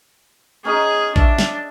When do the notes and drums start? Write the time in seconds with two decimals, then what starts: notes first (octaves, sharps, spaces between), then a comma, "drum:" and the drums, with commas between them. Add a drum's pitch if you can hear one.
0.65 C#4 D#4 G#4
1.16 D4 D5 E5, drum: kick A1
1.38 drum: snare